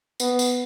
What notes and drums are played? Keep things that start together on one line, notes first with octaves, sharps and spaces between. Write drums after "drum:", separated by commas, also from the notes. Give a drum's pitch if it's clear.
B3, drum: tambourine
drum: tambourine